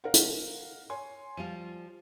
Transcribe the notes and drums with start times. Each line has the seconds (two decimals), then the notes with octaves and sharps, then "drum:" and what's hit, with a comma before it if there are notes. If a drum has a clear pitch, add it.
0.04 A#4 F5 F#5
0.14 drum: hi-hat
0.90 C#5 G#5 C6
1.37 F3 G3 F4 D#7